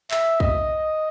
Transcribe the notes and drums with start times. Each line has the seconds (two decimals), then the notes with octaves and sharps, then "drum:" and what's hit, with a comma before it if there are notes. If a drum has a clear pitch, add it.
0.11 E5, drum: clap
0.40 D#5, drum: kick B1